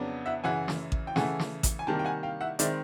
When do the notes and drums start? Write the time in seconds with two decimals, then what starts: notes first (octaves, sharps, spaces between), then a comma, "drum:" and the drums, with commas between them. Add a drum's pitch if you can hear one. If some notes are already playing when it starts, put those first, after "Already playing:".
Already playing: F2 C#3 F#3 B3 D4
0.26 E5 F#5
0.44 F#2 C#3 E3 F#5 G#5
0.68 drum: snare
0.92 drum: kick A1
1.07 G5
1.16 C#3 E3 A3 F#5 G#5, drum: snare
1.39 drum: snare
1.63 drum: kick A1, hi-hat
1.79 G#5
1.87 C3 D#3 G3 A#3 G5 A5
1.99 G5
2.05 F#5 G#5
2.23 F5 G5
2.41 E5 F#5
2.59 D#3 G#3 C4 D5 E5, drum: hi-hat